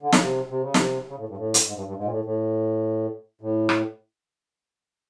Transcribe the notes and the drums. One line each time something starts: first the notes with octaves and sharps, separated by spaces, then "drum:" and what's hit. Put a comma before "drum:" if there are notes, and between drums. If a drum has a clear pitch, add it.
D3
C#3, drum: snare
C3
C3
C#3
C3, drum: snare
C#3
A2
G2
A2
drum: hi-hat
G#2
G2
G2
G#2
A#2
A2
A2
A2
drum: rim click